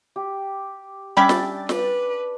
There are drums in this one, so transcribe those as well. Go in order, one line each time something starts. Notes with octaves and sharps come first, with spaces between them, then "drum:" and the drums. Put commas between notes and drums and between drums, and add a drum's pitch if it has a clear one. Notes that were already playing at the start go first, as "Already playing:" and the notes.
G4
G3 C#4 D4 D5 E5 G5 B5 A6
drum: snare
B4, drum: snare